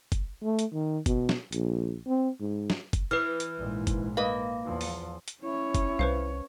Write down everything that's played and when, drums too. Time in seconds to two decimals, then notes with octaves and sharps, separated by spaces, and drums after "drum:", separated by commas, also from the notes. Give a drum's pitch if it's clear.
0.12 drum: kick, hi-hat
0.42 A3
0.59 drum: hi-hat
0.73 D#3
1.06 B2, drum: kick, hi-hat
1.29 drum: snare
1.52 A#1, drum: hi-hat
2.07 C4
2.40 G#2
2.70 drum: snare
2.93 drum: kick, hi-hat
3.11 E3 B4 F6
3.40 drum: hi-hat
3.58 A#1 G#2
3.87 drum: kick, hi-hat
4.17 A#3 B4 D#5 F5
4.64 E2 F3
4.81 drum: open hi-hat
5.28 drum: hi-hat
5.42 C#4 E4 C#5
5.75 drum: kick, hi-hat
5.99 C2 B4 C5 F5